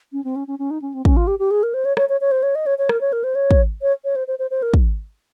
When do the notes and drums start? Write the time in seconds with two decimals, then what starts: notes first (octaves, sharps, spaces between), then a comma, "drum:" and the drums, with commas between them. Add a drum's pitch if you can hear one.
0.12 C#4
0.24 C4
0.36 C#4
0.47 C#4
0.59 C#4
0.70 D#4
0.82 C#4
0.94 C4
1.05 C#4, drum: kick
1.16 F4
1.27 G4
1.39 G4
1.51 G#4
1.63 A#4
1.74 C5
1.85 C#5
1.97 C#5, drum: rim click
2.09 C#5
2.21 C#5
2.31 C5
2.43 C#5
2.55 D#5
2.66 C#5
2.78 C#5
2.89 A#4, drum: rim click
3.01 C#5
3.12 A#4
3.24 C5
3.35 C#5
3.51 drum: kick
3.82 C#5
4.04 C#5
4.15 C5
4.27 C5
4.39 C5
4.51 C5
4.62 A#4
4.74 drum: kick